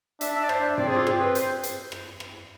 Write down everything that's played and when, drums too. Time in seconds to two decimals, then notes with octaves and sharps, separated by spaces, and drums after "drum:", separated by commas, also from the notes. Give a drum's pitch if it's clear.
0.21 D4 E5, drum: hi-hat
0.36 E5
0.43 D5
0.49 C5, drum: rim click
0.78 C4 D5, drum: tom G2
0.88 G#4
0.97 F4
1.07 C4 G#4, drum: rim click
1.20 B4
1.35 C5, drum: hi-hat
1.63 drum: hi-hat
1.92 drum: rim click
2.20 drum: rim click